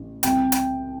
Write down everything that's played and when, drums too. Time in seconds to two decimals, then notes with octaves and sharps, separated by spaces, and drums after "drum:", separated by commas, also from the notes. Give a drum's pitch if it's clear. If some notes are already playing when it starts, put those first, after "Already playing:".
Already playing: A1
0.23 C2 G5, drum: hi-hat
0.52 drum: hi-hat